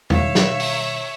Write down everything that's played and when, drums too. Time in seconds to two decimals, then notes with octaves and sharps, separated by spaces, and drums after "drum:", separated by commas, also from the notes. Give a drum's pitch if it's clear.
0.10 B2 D#3 G3 C#5 E5 F5, drum: tom E2
0.35 drum: snare
0.60 drum: open hi-hat